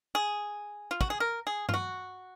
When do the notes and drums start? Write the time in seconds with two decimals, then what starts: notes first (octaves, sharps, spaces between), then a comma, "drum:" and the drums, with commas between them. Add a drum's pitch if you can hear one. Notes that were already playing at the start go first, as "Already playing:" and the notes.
0.15 G#4
0.91 F4
1.01 F#4, drum: kick
1.10 G#4
1.20 A#4
1.47 G#4
1.69 F4, drum: tom G2
1.74 F#4